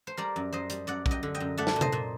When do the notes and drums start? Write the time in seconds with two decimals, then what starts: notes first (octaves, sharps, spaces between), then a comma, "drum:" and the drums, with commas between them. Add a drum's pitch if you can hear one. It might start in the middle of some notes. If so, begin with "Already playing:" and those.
0.07 C5
0.17 G3 A#4 D5
0.36 F#2
0.53 F#2 C5 D#5
0.70 G3, drum: hi-hat
0.87 F#2 D5 F#5
1.06 F#2, drum: kick A#1
1.11 D#5 G5
1.23 D3
1.34 D#5 G5
1.40 F#2
1.58 A3 D5 F#5
1.67 drum: snare
1.76 A#2
1.81 C5 D#5, drum: tom C3
1.92 A#2